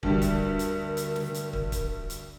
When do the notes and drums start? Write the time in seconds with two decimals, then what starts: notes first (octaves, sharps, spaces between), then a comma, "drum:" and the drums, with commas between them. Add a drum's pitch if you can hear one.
0.03 D2 G2 G3 A#4, drum: kick
0.22 drum: kick, hi-hat
0.59 drum: hi-hat
0.97 drum: hi-hat
1.16 drum: snare
1.34 drum: hi-hat
1.53 drum: kick
1.72 drum: kick, hi-hat
2.10 drum: hi-hat